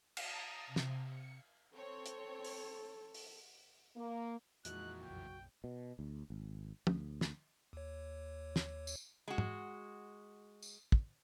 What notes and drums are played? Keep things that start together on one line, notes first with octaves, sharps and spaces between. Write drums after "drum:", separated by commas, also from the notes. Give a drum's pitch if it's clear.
A5 A#5 D#6, drum: cymbal
C3
drum: snare
C#7
C4 A4 C#5
drum: hi-hat
drum: open hi-hat
drum: open hi-hat
A#3
F2 A#2 E3 G#3 D#4 F#4 F#6, drum: hi-hat
F#1 B1 G5
B2
D2
G#1
D2, drum: tom
drum: snare
D#2 C#5
drum: snare
drum: tambourine
G#3 F#4
drum: tom G#2
drum: tambourine
drum: kick